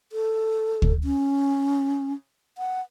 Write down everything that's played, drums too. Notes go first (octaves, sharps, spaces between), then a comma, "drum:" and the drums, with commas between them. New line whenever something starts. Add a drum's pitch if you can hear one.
A4
drum: kick D2
C#4
F#5